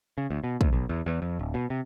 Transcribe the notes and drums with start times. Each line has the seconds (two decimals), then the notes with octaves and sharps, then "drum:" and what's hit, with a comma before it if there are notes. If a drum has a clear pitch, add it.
0.18 C#3
0.31 D2
0.44 B2
0.61 D2, drum: kick
0.73 B1
0.89 E2
1.06 E2
1.22 F2
1.39 D1
1.54 B2
1.70 C3